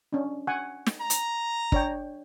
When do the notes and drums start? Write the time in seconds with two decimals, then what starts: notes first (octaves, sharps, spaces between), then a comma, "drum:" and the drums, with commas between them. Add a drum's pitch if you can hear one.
0.12 C#4 D4
0.47 F#5 G#5
0.87 drum: snare
1.01 A#5
1.10 drum: hi-hat
1.72 D4 C#5 G5, drum: kick